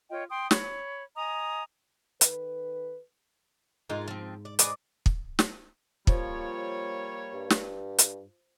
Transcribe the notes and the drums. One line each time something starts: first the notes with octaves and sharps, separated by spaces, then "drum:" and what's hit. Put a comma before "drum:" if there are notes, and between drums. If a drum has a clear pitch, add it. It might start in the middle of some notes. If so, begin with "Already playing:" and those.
F4 C#5 D#5 G5
G5 C6 D#6
C#5 B5, drum: snare
D#5 G#5 A#5 D#6
D#3 A4 B4, drum: hi-hat
G#2 G#3 F4 A#4
F3 C4
D5
G#4 B4 D5 D#5, drum: hi-hat
drum: kick
drum: snare
F3 G3 A#3 C#5, drum: kick
G2
drum: snare
drum: hi-hat